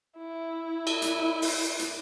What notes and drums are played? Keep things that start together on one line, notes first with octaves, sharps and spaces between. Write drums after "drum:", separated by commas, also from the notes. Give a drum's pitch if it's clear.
E4
drum: cymbal
drum: hi-hat
drum: open hi-hat
drum: hi-hat